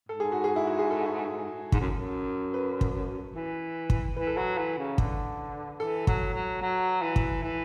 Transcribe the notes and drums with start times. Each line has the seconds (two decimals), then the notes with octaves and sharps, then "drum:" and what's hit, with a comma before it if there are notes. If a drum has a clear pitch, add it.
0.09 G#2 A4
0.20 G#4
0.32 F#4
0.44 G#4
0.56 E4
0.67 F#4
0.79 G#4
0.91 A4
1.72 G#2, drum: kick
1.80 F#2
1.95 F#2
2.54 B4
2.81 drum: kick
3.35 E3
3.90 drum: kick
4.17 E3 B4
4.27 A4
4.37 F#3 B4
4.58 E3
4.78 C#3
4.98 D3, drum: kick
5.80 E3 A4
6.07 F#3, drum: kick
6.34 F#3
6.62 F#3
7.02 E3
7.16 drum: kick
7.43 E3